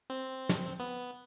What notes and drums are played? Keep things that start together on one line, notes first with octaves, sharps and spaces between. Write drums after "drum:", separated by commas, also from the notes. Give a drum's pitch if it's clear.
C4
drum: snare
B3